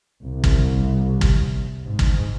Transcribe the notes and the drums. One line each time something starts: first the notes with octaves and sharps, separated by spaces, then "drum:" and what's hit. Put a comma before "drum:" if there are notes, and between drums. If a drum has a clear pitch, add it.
C2
drum: kick
drum: kick
G#2
drum: kick